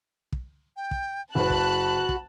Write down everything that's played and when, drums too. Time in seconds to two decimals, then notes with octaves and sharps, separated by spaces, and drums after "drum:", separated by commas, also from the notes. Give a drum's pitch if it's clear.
0.32 drum: kick
0.77 G5
0.91 drum: kick
1.35 F#1 F#4 B4 A5 B5 F#6
1.50 drum: kick
2.09 drum: kick